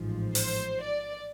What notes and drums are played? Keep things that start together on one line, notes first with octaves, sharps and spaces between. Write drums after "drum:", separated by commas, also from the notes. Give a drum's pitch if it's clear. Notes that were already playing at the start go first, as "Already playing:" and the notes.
Already playing: A1 G#2 F3
C5, drum: open hi-hat
D5